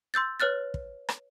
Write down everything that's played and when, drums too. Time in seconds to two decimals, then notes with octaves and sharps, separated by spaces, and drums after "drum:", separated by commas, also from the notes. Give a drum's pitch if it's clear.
0.14 C6 E6 G6 A6
0.40 B4 C#5 F6 F#6 A6
0.74 drum: kick
1.09 drum: rim click